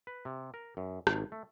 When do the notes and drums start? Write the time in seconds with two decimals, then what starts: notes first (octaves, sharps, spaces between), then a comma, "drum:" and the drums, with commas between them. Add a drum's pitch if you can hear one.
0.07 B4
0.25 C3
0.54 A#4
0.77 F#2
1.07 G#1, drum: rim click
1.32 A3